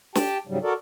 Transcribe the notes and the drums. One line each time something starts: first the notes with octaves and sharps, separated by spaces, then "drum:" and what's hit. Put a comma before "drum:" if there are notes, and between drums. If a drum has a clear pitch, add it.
G4 G5 A5, drum: snare
G#2 C#3 F#3 G3
F#4 A4 A#4 D5